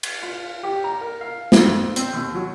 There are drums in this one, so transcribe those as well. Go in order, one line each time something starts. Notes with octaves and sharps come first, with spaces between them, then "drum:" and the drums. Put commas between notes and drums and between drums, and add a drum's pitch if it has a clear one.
drum: cymbal
F4
G4
A#5
A#4
F5
F2, drum: snare
C4, drum: hi-hat
D#2
F#3